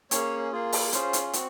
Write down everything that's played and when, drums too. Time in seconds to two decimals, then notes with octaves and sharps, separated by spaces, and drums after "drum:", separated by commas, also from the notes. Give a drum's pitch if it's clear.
0.11 A#3 C#4 G#4 C#5, drum: hi-hat
0.52 A#3 F4 G#4
0.72 drum: open hi-hat
0.92 C#4 F4 G#4 C5, drum: hi-hat
1.13 drum: hi-hat
1.33 C4 F#4, drum: hi-hat